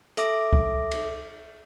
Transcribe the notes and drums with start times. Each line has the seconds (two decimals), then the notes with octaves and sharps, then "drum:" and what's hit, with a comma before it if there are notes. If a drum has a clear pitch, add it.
0.17 A4 E5 D6 A#6, drum: hi-hat
0.53 drum: kick C2
0.91 drum: cymbal